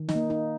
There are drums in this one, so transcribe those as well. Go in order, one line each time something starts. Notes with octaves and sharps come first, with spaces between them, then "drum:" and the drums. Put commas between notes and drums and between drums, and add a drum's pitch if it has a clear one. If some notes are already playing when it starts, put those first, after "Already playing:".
Already playing: D#3
D#4, drum: snare
A#3
D#4